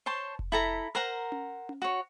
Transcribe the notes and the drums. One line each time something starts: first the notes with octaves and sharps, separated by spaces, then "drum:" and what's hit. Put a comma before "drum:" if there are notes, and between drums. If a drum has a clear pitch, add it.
C5 C#5 A5 C6
drum: kick F1
E4 A4 A#5 B5
A#4 C5 F#5 A#5
drum: tom C#4
drum: tom C#4
F#4 C#5